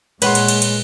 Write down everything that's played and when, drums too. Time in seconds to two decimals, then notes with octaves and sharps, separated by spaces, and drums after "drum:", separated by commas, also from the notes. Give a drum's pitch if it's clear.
0.22 A#2 G#3 B4 C#5 F#5 C6, drum: cymbal
0.35 drum: cymbal
0.48 drum: cymbal
0.62 drum: cymbal